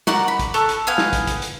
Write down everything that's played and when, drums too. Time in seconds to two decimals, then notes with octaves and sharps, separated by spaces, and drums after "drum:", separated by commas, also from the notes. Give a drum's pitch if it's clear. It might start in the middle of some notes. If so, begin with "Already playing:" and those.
0.07 F#4 A#4 D5 F#5, drum: snare
0.28 B5
0.39 drum: kick, hi-hat
0.54 A4 C#6 F#6, drum: hi-hat
0.69 drum: hi-hat
0.87 B3 F5 G#5
0.98 drum: snare
1.13 drum: kick, hi-hat
1.27 drum: kick, hi-hat
1.42 drum: hi-hat